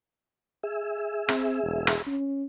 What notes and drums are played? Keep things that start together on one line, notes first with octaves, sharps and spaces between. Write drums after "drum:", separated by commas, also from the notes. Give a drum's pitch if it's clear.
G#4 E5
C4, drum: rim click
E1
drum: rim click
C#4